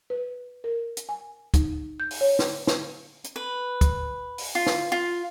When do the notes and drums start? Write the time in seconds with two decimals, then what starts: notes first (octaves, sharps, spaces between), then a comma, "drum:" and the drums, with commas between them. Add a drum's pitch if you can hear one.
0.10 B4
0.64 A#4
0.97 drum: hi-hat
1.09 G#5
1.54 D#4, drum: kick, hi-hat
2.00 G6
2.11 drum: open hi-hat
2.21 C#5
2.39 drum: snare
2.67 drum: snare
3.24 drum: hi-hat
3.36 B4
3.81 drum: kick, hi-hat
4.38 drum: open hi-hat
4.55 F4
4.67 drum: snare
4.92 F4